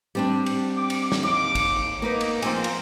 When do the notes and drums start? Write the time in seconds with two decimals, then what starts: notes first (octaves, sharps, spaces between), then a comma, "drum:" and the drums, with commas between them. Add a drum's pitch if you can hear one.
0.15 G3 C4 D4
0.46 drum: cymbal
0.76 D6
0.90 drum: cymbal
1.12 drum: snare
1.23 D#2 D6
1.55 drum: kick, cymbal
2.02 A#3 D#4 B4 D6
2.21 drum: cymbal
2.42 F3 A#3 C4 G#5, drum: cymbal
2.64 drum: cymbal